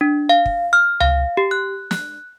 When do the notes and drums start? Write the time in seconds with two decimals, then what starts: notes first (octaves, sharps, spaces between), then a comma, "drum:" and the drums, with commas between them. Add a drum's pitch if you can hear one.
0.01 D4
0.29 F5
0.46 drum: kick
0.73 F6
1.00 F5, drum: tom C#2
1.37 G4
1.51 F#6
1.91 F#6, drum: snare